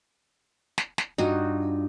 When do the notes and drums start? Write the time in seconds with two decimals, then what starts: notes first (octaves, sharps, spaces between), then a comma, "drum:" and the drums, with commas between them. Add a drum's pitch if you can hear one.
0.78 drum: snare
0.98 drum: snare
1.18 G2 D#4 F4 F#4